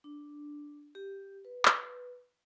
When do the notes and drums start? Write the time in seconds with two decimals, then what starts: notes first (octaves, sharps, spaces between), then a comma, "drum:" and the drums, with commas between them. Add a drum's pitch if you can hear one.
0.04 D4
0.95 G4
1.45 B4
1.65 drum: clap